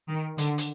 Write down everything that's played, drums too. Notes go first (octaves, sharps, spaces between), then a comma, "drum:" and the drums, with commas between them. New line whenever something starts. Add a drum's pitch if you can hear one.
D#3
D3, drum: hi-hat
drum: hi-hat